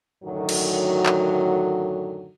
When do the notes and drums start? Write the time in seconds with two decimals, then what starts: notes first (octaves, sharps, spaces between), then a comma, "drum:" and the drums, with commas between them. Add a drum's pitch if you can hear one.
0.23 F#2 A2 D3 D#3 F#3
0.49 drum: cymbal
1.06 drum: clap